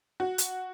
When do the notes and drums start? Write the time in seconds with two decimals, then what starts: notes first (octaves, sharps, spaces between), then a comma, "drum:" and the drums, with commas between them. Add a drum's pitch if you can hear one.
0.20 F#4
0.38 drum: hi-hat